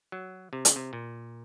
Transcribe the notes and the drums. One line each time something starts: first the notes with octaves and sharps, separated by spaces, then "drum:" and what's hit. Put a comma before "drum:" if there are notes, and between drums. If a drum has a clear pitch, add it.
F#3
C3
C#3, drum: hi-hat
C3
A#2